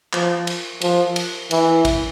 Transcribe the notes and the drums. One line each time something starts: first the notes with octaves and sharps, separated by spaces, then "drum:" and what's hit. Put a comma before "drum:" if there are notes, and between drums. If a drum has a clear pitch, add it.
F3, drum: clap
drum: cymbal
F3, drum: cymbal
drum: cymbal
E3, drum: cymbal
drum: kick, cymbal